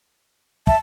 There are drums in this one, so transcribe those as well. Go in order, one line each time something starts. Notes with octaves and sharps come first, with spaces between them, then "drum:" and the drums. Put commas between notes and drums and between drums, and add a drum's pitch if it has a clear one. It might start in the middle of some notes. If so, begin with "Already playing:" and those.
E5 A5, drum: kick